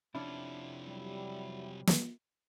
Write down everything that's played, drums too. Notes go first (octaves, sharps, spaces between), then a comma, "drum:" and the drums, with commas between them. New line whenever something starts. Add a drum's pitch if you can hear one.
C3 F3 C#4 D4 E4
F#3 G3
drum: snare